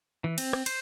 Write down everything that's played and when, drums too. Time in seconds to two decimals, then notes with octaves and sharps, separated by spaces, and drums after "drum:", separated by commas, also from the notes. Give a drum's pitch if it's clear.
0.24 E3
0.38 C4, drum: cymbal
0.53 drum: rim click
0.66 C5, drum: cymbal